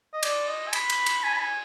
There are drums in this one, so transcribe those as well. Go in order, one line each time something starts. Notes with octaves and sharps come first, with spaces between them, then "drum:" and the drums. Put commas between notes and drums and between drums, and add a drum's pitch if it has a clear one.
D#5
D5, drum: cymbal
D#5
G#5
B5, drum: cymbal
drum: cymbal
drum: cymbal
G#5
B5
G#5